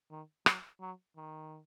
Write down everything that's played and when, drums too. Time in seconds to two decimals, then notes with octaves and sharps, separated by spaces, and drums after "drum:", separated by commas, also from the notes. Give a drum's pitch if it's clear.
0.11 D#3
0.46 F#3, drum: rim click
0.81 F#3
1.17 D#3